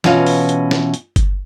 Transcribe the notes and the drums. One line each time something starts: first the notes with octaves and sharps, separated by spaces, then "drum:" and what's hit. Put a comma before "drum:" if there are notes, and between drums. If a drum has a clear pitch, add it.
B2 E3 C#4 F4 F5, drum: snare
drum: open hi-hat
drum: hi-hat
drum: snare
drum: hi-hat
drum: kick G1, hi-hat